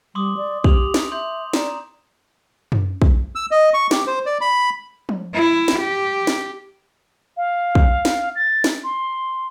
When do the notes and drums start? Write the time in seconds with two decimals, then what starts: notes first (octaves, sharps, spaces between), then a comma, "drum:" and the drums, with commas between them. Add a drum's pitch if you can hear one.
0.15 G3 C6 D6 D#6
0.37 D5
0.64 G4 D#6 F7 F#7, drum: kick
0.94 drum: snare
1.12 E5 C6 G6
1.53 D5 A#5, drum: snare
2.72 drum: tom F#2
3.02 drum: kick
3.35 E6
3.51 D#5
3.74 C#6
3.91 G4, drum: snare
4.07 C5
4.26 D5
4.41 B5
5.09 drum: tom F3
5.35 E4
5.68 drum: snare
5.80 G4
6.27 drum: snare
7.37 F5
7.75 drum: kick
8.05 drum: snare
8.35 A6
8.64 drum: snare
8.83 C6